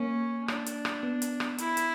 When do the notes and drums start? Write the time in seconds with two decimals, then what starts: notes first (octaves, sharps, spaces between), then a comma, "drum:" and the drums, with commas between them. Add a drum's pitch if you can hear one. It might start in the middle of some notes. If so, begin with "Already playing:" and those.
Already playing: A#3 C#4
0.48 D4, drum: rim click
0.66 drum: hi-hat
0.85 drum: rim click
1.03 B3
1.22 drum: hi-hat
1.40 drum: rim click
1.58 E4, drum: hi-hat
1.77 drum: hi-hat